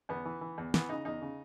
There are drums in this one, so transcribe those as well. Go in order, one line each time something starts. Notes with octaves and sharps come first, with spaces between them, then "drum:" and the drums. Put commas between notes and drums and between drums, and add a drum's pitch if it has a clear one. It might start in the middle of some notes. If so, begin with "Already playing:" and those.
E2 B3
E3
E3
E2
E3 B3, drum: snare
C#3 D#4
E2 D#4
C#3